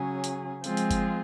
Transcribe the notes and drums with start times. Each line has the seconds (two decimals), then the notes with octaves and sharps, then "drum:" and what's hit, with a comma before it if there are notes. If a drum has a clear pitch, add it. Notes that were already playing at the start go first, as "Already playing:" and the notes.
Already playing: C#3 F#3 C#4 G#4
0.24 drum: hi-hat
0.64 F3 G#3 C4 F4 G#4, drum: hi-hat
0.77 drum: hi-hat
0.91 drum: kick G1, hi-hat